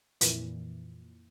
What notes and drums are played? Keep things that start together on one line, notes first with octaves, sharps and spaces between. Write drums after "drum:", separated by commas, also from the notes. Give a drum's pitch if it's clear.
F2 A#2 E3, drum: hi-hat